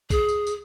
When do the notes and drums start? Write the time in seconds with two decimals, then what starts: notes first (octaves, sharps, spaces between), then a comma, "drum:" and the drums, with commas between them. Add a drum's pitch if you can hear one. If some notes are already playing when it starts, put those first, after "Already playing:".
0.10 G#4, drum: kick, tambourine
0.28 drum: tambourine
0.47 drum: tambourine